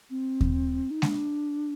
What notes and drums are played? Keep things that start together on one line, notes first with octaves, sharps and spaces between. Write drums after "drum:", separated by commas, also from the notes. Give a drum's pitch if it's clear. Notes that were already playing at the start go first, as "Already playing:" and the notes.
C4
drum: kick D#2
D#4
D4, drum: snare G#3